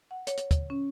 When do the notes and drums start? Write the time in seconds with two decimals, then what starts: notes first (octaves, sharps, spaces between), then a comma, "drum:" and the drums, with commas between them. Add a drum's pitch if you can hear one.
0.11 F#5
0.27 C#5, drum: hi-hat
0.37 drum: hi-hat
0.51 drum: kick, hi-hat
0.70 C#4